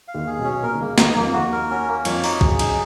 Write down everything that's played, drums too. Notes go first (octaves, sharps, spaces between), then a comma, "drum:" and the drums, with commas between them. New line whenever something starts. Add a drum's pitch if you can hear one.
F5
D#2 D#3
G#4
B1 B2 C#4
A#2 A#4
D#3
C#2 C#3 A#3
D#2 D#3 D#4, drum: snare
F2 F3 A#3
F3
D#2 D#3 F#4
A#4
C#4
A#3
F2 F3 C#5, drum: cymbal
D#4, drum: open hi-hat
F#2 F#3 G#4, drum: kick
D#4, drum: cymbal